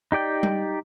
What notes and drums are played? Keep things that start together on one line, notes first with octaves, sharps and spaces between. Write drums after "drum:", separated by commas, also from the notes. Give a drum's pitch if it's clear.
D#4 G4 D5 G5
drum: tom G3